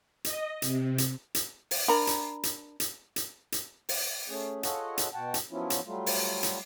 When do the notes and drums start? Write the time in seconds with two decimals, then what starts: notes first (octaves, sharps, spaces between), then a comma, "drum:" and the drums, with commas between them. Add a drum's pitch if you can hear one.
0.25 D#5, drum: hi-hat
0.62 C3, drum: hi-hat
0.98 drum: hi-hat
1.35 drum: hi-hat
1.71 drum: open hi-hat
1.88 D4 A#4 A#5 B5
2.07 drum: hi-hat
2.43 drum: hi-hat
2.80 drum: hi-hat
3.16 drum: hi-hat
3.52 drum: hi-hat
3.89 drum: open hi-hat
4.29 A3 C#4 G#4
4.63 F4 G#4 A4 C#5 D#5 F#5, drum: hi-hat
4.98 drum: hi-hat
5.14 B2 F#4 F#5 G5 A5
5.34 drum: hi-hat
5.51 F3 F#3 B3 C#4 E4 F4
5.70 drum: hi-hat
5.86 F#3 G3 A3 F4
6.06 drum: open hi-hat
6.43 drum: hi-hat